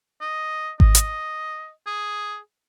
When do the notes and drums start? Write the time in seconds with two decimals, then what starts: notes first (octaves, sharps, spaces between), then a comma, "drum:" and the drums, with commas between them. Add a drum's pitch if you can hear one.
0.21 D#5
0.80 D#5, drum: kick G#1
0.95 drum: hi-hat
1.87 G#4